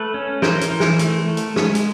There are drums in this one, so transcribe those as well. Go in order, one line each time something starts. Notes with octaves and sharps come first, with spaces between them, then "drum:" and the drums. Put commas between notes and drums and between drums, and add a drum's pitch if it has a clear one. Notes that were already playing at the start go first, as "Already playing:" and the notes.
Already playing: A3 A4 B4
C#4
E3 A#4 C5, drum: snare
drum: hi-hat
E3
drum: snare
A3, drum: hi-hat
A3
drum: hi-hat
G#3, drum: snare
drum: hi-hat